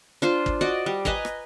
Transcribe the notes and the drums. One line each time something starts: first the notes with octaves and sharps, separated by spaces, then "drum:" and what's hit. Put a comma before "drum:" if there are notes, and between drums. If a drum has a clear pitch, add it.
D4 F4 C5
drum: kick
F#4 D5 D#5
G3
B4 D#5 G#5 A#5, drum: kick
drum: rim click